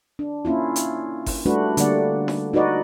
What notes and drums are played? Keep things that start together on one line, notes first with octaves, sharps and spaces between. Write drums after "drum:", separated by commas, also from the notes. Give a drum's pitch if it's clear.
D4
A#3 C#4 E4 F4
drum: hi-hat
drum: kick G1, open hi-hat
G3 A3 D4 F#4 B4
D3 G3 A#3 D5 F#5, drum: hi-hat
drum: snare D#4
D#4 F#4 B4 D5 D#5